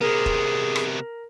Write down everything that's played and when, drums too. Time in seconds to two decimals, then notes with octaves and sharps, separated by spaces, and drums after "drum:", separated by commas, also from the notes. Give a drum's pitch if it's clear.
0.01 C3 B3 G#4 A#4
0.26 drum: kick
0.76 drum: rim click